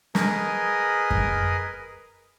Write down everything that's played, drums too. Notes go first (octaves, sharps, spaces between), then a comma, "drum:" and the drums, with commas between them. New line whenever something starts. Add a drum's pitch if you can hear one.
G#4 A#4 B4 D#5, drum: snare
drum: kick F#2